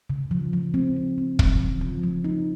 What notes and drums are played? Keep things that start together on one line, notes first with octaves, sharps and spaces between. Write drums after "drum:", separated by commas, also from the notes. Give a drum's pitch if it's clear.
C#3
F3
F3
C4
C4
C4
C#3, drum: kick
F3
F3
F3
D#4